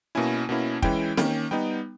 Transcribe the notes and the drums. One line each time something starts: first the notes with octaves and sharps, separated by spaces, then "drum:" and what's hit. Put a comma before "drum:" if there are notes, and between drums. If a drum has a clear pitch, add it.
B2 A#3 C#4 E4 G#5
B2 A#3 C#4 E4
E3 G#3 C#4 E4 G5, drum: kick
D#3 A#3 C#4, drum: snare C4
G3 B3 D#4 G5